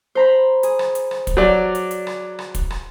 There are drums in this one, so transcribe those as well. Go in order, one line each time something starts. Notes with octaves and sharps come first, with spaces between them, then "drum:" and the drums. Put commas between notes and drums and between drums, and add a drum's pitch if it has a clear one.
C5 A#5 B5
G#4, drum: hi-hat
drum: rim click
drum: hi-hat
drum: rim click
drum: kick, hi-hat
F#3 D5
drum: hi-hat
drum: hi-hat
drum: rim click
drum: rim click
drum: kick, hi-hat
drum: rim click